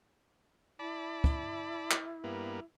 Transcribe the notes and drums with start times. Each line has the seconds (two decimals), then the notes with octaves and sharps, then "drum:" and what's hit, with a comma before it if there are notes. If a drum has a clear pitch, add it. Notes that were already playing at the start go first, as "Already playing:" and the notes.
0.79 E4 D5 A5 B5
1.24 drum: kick
1.91 drum: clap
2.24 G2 A#3 B3